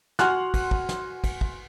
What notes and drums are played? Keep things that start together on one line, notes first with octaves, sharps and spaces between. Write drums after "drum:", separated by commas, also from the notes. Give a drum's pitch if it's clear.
F#4 F#5 G#5 C6 F6 F#6, drum: snare
drum: kick, cymbal
drum: kick
drum: snare
drum: kick, cymbal
drum: kick